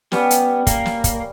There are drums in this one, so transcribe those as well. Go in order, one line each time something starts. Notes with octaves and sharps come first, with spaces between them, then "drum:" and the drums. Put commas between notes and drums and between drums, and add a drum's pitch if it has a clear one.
G3 B3 C#4 G4, drum: snare
drum: hi-hat
A#3, drum: kick, hi-hat
drum: snare
drum: kick, hi-hat